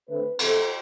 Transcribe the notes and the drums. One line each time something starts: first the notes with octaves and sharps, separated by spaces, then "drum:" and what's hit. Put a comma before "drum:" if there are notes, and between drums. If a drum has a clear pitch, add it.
D3 A3 C4 B4
C3 E3 A3 C4 A4, drum: cymbal